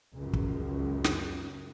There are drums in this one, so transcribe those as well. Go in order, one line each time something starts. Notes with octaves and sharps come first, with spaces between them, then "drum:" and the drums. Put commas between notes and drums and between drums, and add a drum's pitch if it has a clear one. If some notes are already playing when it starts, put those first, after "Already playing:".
C#2 F#2
drum: kick
drum: snare